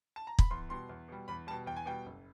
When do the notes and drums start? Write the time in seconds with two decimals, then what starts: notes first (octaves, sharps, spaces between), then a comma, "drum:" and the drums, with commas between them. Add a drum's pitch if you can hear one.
0.16 A5
0.27 A#5
0.39 B5, drum: kick
0.50 E2 C6
0.69 B2 G3 C6
0.89 E2
1.08 B2 G3
1.28 E2 B5
1.47 B2 G3 A5
1.66 E2 G5
1.76 G#5
1.86 B2 G3 G5
2.06 F#1